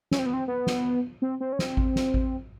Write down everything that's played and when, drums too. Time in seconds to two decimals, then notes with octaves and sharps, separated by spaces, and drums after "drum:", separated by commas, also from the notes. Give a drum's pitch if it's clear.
0.11 C#4, drum: snare
0.19 C4
0.26 B3
0.33 C4
0.48 B3
0.67 drum: snare
1.22 C4
1.40 C4
1.53 C#4
1.59 C4, drum: snare
1.77 drum: kick A1
1.96 drum: snare
2.14 drum: kick A1